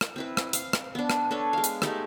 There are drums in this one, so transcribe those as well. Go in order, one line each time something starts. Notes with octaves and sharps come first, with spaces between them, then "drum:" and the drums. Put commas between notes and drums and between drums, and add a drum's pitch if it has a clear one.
drum: rim click
C4 E4 B4
drum: rim click
F5, drum: hi-hat
drum: rim click
B3 D4
drum: rim click
D4 A4 B4 C#5
G#3 F5
drum: hi-hat
G#3 A3 D#4 G4, drum: rim click